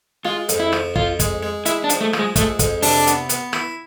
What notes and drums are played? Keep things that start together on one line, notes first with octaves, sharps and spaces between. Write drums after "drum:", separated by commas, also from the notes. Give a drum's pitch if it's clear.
G#3 F4
F2, drum: hi-hat
E4
F3, drum: rim click
F2 F4, drum: kick
G#3, drum: kick, hi-hat
G#3
G#3 E4, drum: hi-hat
D4
F3, drum: hi-hat
A3
F3, drum: rim click
G#3
G#3 A3, drum: kick, hi-hat
F2, drum: kick, hi-hat
C3 D4, drum: open hi-hat
B3, drum: hi-hat
B3, drum: hi-hat
E4, drum: rim click